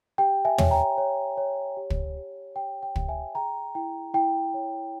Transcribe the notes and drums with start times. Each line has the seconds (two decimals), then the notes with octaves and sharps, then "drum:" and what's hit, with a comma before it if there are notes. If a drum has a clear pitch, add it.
0.18 G4 G5
0.45 E5 G#5
0.58 C#5, drum: tom
0.71 G5 A#5
0.98 C#5
1.37 C#5
1.77 G4
1.91 drum: kick
2.17 G4
2.56 G4 G5
2.83 G5
2.96 G4, drum: kick
3.08 E5 G#5
3.35 G#4 G5 A#5
3.75 E4 G5
4.14 E4 G5
4.54 C#5